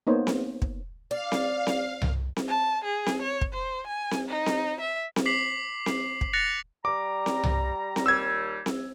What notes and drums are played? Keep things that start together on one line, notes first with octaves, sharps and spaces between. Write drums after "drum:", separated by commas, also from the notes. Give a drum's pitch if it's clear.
A#3 B3 D#4 C5 C#5
drum: snare C4
drum: kick
D5 F5
drum: snare C4
drum: snare C4
drum: tom C2
drum: snare C4
A5
G#4
drum: snare C4
C#5
drum: kick
C5
G#5
drum: snare C4
D#4
drum: snare C4
E5
drum: snare C4
D6 B6 C7 F#7
drum: snare C4
drum: kick
F#6 A6 A#6 C#7 F7
G3 A#5 D6
drum: snare C4
drum: tom C2
drum: snare C4
D#2 A#2 G3 E6 G#6
drum: snare C4